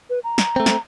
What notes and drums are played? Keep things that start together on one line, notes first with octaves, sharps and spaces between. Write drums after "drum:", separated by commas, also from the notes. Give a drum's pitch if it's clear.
B4
A#5
drum: snare
A3 C4
drum: snare